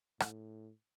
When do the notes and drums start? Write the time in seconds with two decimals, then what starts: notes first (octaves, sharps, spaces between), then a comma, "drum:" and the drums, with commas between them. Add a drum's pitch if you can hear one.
0.20 A2, drum: rim click